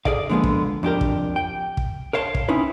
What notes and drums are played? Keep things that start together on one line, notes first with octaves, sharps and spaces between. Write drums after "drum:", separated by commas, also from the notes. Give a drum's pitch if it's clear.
G#4 A4 D5 D#5 F5, drum: kick
D3 F3 G#3 A#3 B3
drum: kick
F2 D4 G4 A#4
drum: kick
G5
drum: kick
A#4 C#5 F5 A5 C6
drum: kick
C4 C#4 D#4 E4 B4